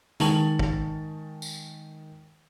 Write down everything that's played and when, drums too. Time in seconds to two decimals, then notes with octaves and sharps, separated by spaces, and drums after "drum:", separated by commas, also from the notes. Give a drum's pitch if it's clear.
0.20 D#3 G#3 A5 C#6 F#7, drum: hi-hat
0.59 drum: kick
1.42 drum: tambourine